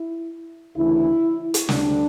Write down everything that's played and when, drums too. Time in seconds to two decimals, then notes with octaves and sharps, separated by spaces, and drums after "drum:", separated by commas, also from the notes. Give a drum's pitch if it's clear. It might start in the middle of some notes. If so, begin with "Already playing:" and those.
Already playing: E4
0.75 D2 C#3 E3 A3 E4
1.54 drum: hi-hat
1.69 D2 D3 G3 D4, drum: snare